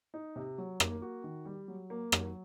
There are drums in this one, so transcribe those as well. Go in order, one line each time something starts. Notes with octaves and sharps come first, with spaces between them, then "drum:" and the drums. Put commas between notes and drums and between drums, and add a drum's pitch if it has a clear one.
D#4
C3
F#3
A#3, drum: rim click
F#4
D#3
G3
F#3
A#3
F#3, drum: rim click